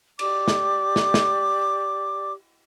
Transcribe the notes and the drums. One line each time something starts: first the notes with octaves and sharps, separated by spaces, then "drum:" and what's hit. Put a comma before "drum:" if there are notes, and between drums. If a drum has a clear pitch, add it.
G4 D5 D6, drum: cymbal
drum: snare
drum: snare
drum: snare